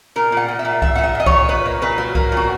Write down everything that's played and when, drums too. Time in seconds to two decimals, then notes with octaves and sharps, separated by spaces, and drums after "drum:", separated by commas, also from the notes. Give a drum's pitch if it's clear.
0.16 A#2 A#4
0.32 A#2 F#5
0.49 A#2
0.59 E5
0.65 A#2
0.82 A#2 E5, drum: kick C2
0.95 A#2 F#5
1.04 E5
1.15 A#2 D#5
1.26 A#2 C#5, drum: kick C2
1.48 A#2 B4
1.66 A#3
1.82 A#2 B4
1.98 F#3
2.15 A#3, drum: kick C2
2.32 A#2 F#4